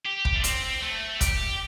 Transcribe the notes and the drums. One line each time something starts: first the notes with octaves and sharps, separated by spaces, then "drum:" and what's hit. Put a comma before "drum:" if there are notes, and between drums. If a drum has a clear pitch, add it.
G4
drum: kick
A3
C4, drum: hi-hat
A3
G4, drum: kick, hi-hat